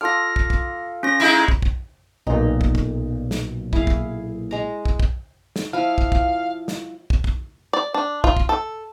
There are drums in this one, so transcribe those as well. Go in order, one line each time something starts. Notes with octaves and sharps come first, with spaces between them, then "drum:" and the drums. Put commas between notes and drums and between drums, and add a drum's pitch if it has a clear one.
F4 A4 D6 F6 A#6
drum: kick
drum: kick
C#4 F4 C#5 A#6
G#3 D#4 E4
drum: kick
drum: kick
B1 A#2 D#4
drum: kick
drum: kick
drum: snare
E4 G#4 F5, drum: kick
drum: kick
G#3 A#5
drum: kick
drum: kick
drum: snare
F3 E4 F5
drum: kick
drum: kick
drum: snare
drum: kick
drum: kick
D5
D4
F4, drum: kick
drum: kick
A4